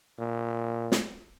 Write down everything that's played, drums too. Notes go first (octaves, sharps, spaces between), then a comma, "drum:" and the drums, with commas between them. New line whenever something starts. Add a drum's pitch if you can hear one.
A#2
drum: snare